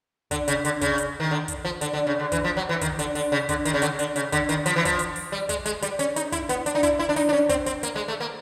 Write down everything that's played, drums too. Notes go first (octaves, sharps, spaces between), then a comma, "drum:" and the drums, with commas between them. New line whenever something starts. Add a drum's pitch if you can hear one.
D3, drum: kick, hi-hat
C#3, drum: hi-hat
D3, drum: hi-hat
C#3, drum: kick, hi-hat
drum: hi-hat
D#3
D3
drum: kick, hi-hat
F3
D3, drum: hi-hat
D3
C#3
D3
E3, drum: kick, hi-hat
F3
F#3
E3
D#3, drum: kick, hi-hat
D3, drum: hi-hat
D3, drum: open hi-hat
C#3
D3, drum: kick, hi-hat
D#3, drum: hi-hat
C#3
D3, drum: hi-hat
D3, drum: hi-hat
C#3, drum: hi-hat
D3, drum: kick, hi-hat
D#3, drum: hi-hat
F3, drum: hi-hat
E3
F3, drum: kick, hi-hat
drum: hi-hat
drum: open hi-hat
G3
G#3, drum: kick, hi-hat
G#3, drum: hi-hat
G3, drum: hi-hat
C#4, drum: hi-hat
D#4, drum: hi-hat
E4, drum: kick, hi-hat
B3, drum: hi-hat
D4, drum: hi-hat
D#4
E4, drum: kick, hi-hat
E4
D4
D#4, drum: open hi-hat
D4
C#4
C4, drum: kick, hi-hat
C4, drum: hi-hat
A#3, drum: hi-hat
G#3
A3
A#3